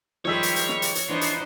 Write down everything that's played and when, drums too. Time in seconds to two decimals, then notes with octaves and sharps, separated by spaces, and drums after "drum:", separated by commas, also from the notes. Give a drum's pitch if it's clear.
0.25 D#3 F3 G3 G#3 C#5 E6 B6
0.43 drum: hi-hat
0.56 drum: hi-hat
0.69 drum: snare
0.82 drum: hi-hat
0.95 drum: hi-hat
1.08 E3 B3 D4 D#4 C5
1.21 drum: hi-hat